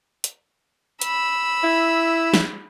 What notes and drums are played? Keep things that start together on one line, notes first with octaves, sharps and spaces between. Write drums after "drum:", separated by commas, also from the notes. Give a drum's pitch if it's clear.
drum: hi-hat
B5 E6, drum: hi-hat
E4
drum: snare